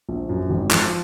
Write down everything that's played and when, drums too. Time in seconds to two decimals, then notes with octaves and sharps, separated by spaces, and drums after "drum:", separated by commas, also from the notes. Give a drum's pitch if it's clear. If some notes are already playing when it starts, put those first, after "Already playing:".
0.09 A#1
0.29 F#2
0.50 G#1
0.71 F3, drum: clap